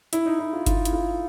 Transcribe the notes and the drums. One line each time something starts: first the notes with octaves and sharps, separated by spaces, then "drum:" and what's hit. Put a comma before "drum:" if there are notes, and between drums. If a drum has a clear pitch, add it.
E4, drum: hi-hat
D#4
E4
F4
F4, drum: kick G1, hi-hat
E4, drum: hi-hat
F4